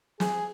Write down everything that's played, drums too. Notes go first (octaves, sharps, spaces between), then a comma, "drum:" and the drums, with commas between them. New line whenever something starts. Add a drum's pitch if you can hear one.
G#4, drum: snare